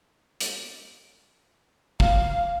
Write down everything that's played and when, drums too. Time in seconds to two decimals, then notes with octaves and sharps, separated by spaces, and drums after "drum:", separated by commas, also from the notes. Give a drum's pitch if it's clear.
0.40 drum: hi-hat
2.00 F5, drum: kick